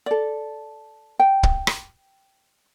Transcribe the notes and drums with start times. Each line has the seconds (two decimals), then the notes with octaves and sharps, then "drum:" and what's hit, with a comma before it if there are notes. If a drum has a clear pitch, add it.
0.06 A4 D5
1.19 G5
1.43 drum: kick
1.67 drum: rim click